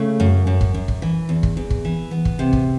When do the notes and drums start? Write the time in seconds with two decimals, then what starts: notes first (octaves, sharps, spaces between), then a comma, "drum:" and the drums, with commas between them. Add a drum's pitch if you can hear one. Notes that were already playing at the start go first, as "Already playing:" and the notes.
Already playing: C#3 A3
0.20 F#2
0.47 F#2
0.61 drum: kick
0.74 F#2
0.88 drum: kick
1.02 E3
1.29 E2
1.43 drum: kick
1.57 E2
1.70 drum: kick
1.85 E3
2.11 B3
2.25 drum: kick
2.39 C3
2.53 drum: kick